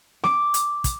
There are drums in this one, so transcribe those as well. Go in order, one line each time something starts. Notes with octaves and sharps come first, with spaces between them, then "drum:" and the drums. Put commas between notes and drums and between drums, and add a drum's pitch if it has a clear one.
D6, drum: snare
drum: hi-hat
drum: kick, hi-hat